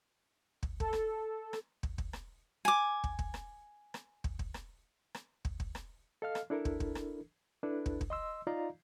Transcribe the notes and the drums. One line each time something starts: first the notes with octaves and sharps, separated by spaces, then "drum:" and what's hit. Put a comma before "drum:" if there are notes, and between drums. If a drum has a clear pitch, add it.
drum: kick
A4, drum: kick
drum: rim click
drum: rim click
drum: kick
drum: kick
drum: rim click
G#5 D6
drum: kick
drum: kick
drum: rim click
drum: rim click
drum: kick
drum: kick
drum: rim click
drum: rim click
drum: kick
drum: kick
drum: rim click
A4 D#5 F5 F6
drum: rim click
D4 E4 A4 A#4
drum: kick
drum: kick
drum: rim click
D4 E4 A4 B4
drum: kick
drum: kick
D#5 C6 E6
D#4 F4 D5 D#5 F5 A#5